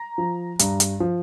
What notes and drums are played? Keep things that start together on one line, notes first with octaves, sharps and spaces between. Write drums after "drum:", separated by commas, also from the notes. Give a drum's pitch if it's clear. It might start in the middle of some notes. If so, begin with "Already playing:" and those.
Already playing: A#5
F3
G2, drum: hi-hat
drum: hi-hat
F3